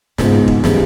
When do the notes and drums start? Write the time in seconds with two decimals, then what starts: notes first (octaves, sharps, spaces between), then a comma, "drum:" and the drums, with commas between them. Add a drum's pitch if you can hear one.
0.18 C#2 G#2 B2 G#3 D#4, drum: snare
0.48 drum: kick E1
0.64 C#3 E3 G3, drum: snare